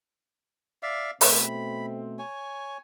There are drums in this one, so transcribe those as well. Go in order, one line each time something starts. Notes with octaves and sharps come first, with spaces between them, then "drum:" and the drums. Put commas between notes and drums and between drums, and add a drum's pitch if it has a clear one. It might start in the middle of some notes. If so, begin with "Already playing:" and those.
D5 E5 F5
B2 A3 C4 B5, drum: open hi-hat
C#5 G#5